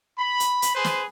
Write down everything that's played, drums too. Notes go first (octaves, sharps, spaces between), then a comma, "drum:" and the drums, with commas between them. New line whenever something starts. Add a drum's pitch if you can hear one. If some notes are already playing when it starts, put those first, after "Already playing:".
B5
drum: hi-hat
drum: hi-hat
G#4 B4 C5
drum: snare